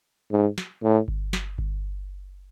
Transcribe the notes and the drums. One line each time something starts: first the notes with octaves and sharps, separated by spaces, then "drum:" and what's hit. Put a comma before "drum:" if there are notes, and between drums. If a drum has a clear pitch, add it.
G#2
drum: snare
A2
drum: kick G1
drum: snare
drum: kick G1